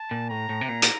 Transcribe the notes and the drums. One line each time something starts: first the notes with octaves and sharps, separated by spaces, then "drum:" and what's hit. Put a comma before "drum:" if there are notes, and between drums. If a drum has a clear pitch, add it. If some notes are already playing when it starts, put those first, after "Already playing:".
Already playing: A5
A#2
A2 A#5
A2
C3
A#2
drum: hi-hat